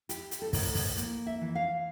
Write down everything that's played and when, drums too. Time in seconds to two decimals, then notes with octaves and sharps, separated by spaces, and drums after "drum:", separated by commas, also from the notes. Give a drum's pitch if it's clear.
0.09 E4 G4, drum: hi-hat
0.31 drum: hi-hat
0.42 A4
0.53 A2 A#4, drum: kick, open hi-hat
0.75 drum: kick, open hi-hat
0.97 A#3, drum: hi-hat
1.27 E5
1.41 E3
1.55 F5